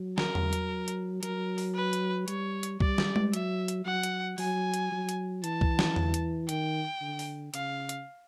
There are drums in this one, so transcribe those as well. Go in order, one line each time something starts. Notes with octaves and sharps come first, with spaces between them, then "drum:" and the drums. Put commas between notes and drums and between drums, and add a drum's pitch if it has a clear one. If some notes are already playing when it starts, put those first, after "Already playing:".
Already playing: F#3
A#4, drum: snare
drum: tom E2
drum: hi-hat
drum: hi-hat
F#3 A#4, drum: hi-hat
drum: open hi-hat
B4
drum: hi-hat
G3 C#5, drum: hi-hat
drum: hi-hat
G3 D5, drum: kick C2
drum: snare
drum: tom G#3
F#3 E5, drum: hi-hat
drum: hi-hat
F#3 F#5
drum: hi-hat
F#3 G#5, drum: open hi-hat
drum: hi-hat
F#3
drum: hi-hat
E3 A5, drum: hi-hat
drum: kick C2
drum: snare
drum: tom E2
drum: hi-hat
D#3 G5, drum: hi-hat
D3
drum: open hi-hat
C#3 F5, drum: hi-hat
drum: hi-hat